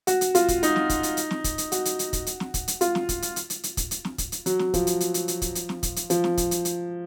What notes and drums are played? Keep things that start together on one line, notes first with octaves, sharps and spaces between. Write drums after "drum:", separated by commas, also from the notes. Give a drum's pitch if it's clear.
F#4, drum: hi-hat
drum: hi-hat
F4, drum: hi-hat
drum: kick, hi-hat
D#4, drum: hi-hat
drum: snare
drum: kick, hi-hat
drum: hi-hat
drum: hi-hat
drum: snare
drum: kick, hi-hat
drum: hi-hat
F#4, drum: hi-hat
drum: hi-hat
drum: hi-hat
drum: kick, hi-hat
drum: hi-hat
drum: snare
drum: kick, hi-hat
drum: hi-hat
F4, drum: hi-hat
drum: snare
drum: kick, hi-hat
drum: hi-hat
drum: hi-hat
drum: hi-hat
drum: hi-hat
drum: kick, hi-hat
drum: hi-hat
drum: snare
drum: kick, hi-hat
drum: hi-hat
F#3, drum: hi-hat
drum: snare
F3, drum: kick, hi-hat
drum: hi-hat
drum: hi-hat
drum: hi-hat
drum: hi-hat
drum: kick, hi-hat
drum: hi-hat
drum: snare
drum: kick, hi-hat
drum: hi-hat
F3, drum: hi-hat
drum: snare
drum: kick, hi-hat
drum: hi-hat
drum: hi-hat